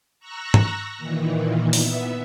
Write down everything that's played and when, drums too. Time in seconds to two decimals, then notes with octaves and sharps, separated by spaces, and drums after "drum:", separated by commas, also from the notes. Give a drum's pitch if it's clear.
0.19 A#5 C#6 E6 F#6 A#6
0.54 drum: tom G#2
0.97 A#2 D#3 E3
1.73 B3 E5, drum: open hi-hat